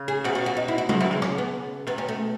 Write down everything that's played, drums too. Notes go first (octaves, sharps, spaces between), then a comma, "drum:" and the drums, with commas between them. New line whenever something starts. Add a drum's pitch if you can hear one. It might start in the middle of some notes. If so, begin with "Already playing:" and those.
Already playing: C#3
G#4
B2 F#4
F#4
F#4
D#4
E4
F#4
C#3 F#4, drum: tom F#3
B2 E4
C#3
C#3 C#4, drum: rim click
B3
B2 B3
C#4
A3